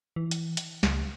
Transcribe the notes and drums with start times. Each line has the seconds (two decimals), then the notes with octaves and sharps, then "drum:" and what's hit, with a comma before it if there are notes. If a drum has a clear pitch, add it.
0.16 E3
0.31 drum: hi-hat
0.57 drum: hi-hat
0.83 C#2, drum: snare